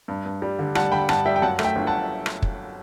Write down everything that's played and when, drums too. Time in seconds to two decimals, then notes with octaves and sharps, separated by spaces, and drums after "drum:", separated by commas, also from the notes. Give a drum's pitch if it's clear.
0.08 G2
0.26 G2
0.42 G3
0.59 D3
0.75 G3 F#5 A5, drum: rim click
0.92 D3 G5 B5
1.09 G2 F#5 A5, drum: rim click
1.26 G3 E5 G5
1.36 G5
1.42 F#2 F#5 A5
1.59 A3, drum: rim click
1.64 E5 G5
1.76 G1
1.87 F#5 A5
2.26 drum: rim click
2.42 drum: kick